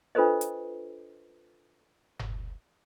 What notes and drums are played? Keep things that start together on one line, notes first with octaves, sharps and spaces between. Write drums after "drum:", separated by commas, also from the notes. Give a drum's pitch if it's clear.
D4 F4 A4 B4 C5 D#5
drum: hi-hat
drum: tom F#1